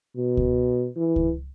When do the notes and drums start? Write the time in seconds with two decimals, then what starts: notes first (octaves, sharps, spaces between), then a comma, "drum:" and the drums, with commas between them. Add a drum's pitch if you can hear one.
0.17 B2
0.37 drum: kick C#2
0.96 E3
1.16 drum: kick C#2